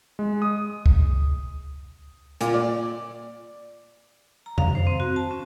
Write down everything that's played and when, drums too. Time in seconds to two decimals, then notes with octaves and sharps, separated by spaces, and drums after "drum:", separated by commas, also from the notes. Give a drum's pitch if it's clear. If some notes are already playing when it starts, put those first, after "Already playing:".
0.19 G#3
0.42 D#6
0.86 drum: kick C#2
2.41 A#2, drum: hi-hat
2.54 D5
4.46 A#5
4.58 F5, drum: tom F2
4.75 C5
4.87 C4
5.00 F#4
5.16 A5
5.31 C#4